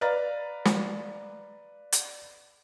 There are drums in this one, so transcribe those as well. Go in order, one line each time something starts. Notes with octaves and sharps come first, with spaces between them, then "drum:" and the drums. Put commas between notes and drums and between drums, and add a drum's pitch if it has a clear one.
B4 D5 F5 A#5 F6 A6
drum: snare
drum: hi-hat